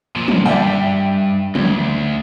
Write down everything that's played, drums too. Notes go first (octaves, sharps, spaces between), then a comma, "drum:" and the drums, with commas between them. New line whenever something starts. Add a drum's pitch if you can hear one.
A#2 F3
drum: tom
G2 D5 E5 G5
D2, drum: tom